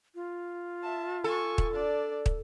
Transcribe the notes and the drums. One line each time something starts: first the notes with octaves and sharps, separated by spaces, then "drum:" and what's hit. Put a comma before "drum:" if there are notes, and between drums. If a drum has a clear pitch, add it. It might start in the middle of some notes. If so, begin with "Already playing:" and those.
F4
E5 A5
A4 G#5 C#6
drum: kick
D4 D5
drum: kick